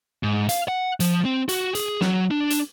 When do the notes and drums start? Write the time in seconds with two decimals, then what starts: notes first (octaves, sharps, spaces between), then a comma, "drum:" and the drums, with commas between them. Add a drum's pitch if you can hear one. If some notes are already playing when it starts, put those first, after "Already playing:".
0.23 G#2
0.49 F5, drum: hi-hat
0.68 F#5
1.00 F3, drum: hi-hat
1.25 C4
1.49 F#4, drum: hi-hat
1.75 G#4, drum: hi-hat
2.01 F#3, drum: snare
2.31 D4
2.50 drum: hi-hat